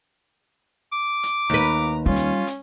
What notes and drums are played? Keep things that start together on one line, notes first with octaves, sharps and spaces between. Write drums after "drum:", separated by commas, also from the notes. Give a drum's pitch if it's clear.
D6
drum: hi-hat
D#2 B4 A#5
G3 C#4 F4
drum: hi-hat
drum: hi-hat